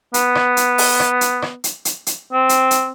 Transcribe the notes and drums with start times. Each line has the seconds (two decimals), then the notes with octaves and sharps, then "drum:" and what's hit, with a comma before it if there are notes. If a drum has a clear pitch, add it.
0.14 B3, drum: hi-hat
0.35 drum: rim click
0.57 drum: hi-hat
0.78 drum: open hi-hat
1.00 drum: rim click
1.21 drum: hi-hat
1.42 drum: rim click
1.64 drum: hi-hat
1.85 drum: hi-hat
2.06 drum: hi-hat
2.33 C4
2.49 drum: hi-hat
2.71 drum: hi-hat